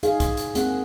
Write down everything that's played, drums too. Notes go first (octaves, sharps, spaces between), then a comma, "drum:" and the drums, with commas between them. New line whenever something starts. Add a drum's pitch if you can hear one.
D#4 G#4 F5, drum: hi-hat
drum: kick, hi-hat
drum: hi-hat
A#3 C4 G#4 F#5, drum: hi-hat